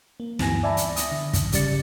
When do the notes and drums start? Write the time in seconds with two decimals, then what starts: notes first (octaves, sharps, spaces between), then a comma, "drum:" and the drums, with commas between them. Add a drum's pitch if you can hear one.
0.20 A#3
0.39 D2 G2 E3 B3 G#5 A#6, drum: snare
0.63 D5 E5 G#5 A5 B5
0.77 drum: hi-hat
0.96 D#6 A#6, drum: hi-hat
1.11 D3
1.33 drum: kick, hi-hat
1.52 G1 C#3 G3 D5 A6 C#7, drum: hi-hat